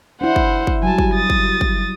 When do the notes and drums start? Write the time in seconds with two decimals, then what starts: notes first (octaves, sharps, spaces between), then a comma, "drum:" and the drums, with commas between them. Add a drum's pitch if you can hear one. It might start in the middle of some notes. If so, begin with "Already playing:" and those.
0.21 D4 E4 C5 F#5
0.36 drum: kick
0.67 drum: kick
0.83 F#3 G3 G#5 A5
0.98 drum: kick
1.14 D#6 A6
1.30 drum: kick
1.61 drum: kick